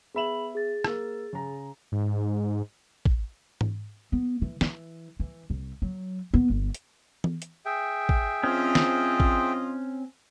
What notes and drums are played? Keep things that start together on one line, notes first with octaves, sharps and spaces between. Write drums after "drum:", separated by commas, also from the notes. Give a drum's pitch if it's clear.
B3 G#4 E5 B5 E7 F#7
G#4 A6
A#3 E6, drum: rim click
C#3 A#5
G#2
drum: kick
drum: tom G#2
B3
E3
E3, drum: snare
E3
C2
F#3
B3
G1
drum: hi-hat
drum: tom E3
drum: hi-hat
G#4 E5 G5
drum: kick
F3 C4 C#4 F4 D#5
drum: snare
drum: kick